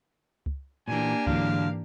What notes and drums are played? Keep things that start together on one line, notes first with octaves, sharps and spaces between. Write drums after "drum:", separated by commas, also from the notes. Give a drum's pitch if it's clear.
drum: kick C#2
A#2 E3 A#3 D4 G4 G#5
G#2 D3 E3 F#3 F5, drum: kick C#2